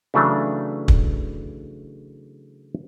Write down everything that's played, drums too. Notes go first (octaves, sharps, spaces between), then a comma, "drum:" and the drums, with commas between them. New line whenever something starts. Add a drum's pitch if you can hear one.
C#3 E3 F#3 A3 D4
drum: kick